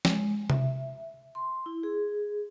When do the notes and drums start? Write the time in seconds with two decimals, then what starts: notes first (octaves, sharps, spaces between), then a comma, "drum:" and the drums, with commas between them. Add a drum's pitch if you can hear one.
0.05 G#3, drum: snare
0.50 E5, drum: tom C3
1.35 C6
1.66 E4
1.83 G#4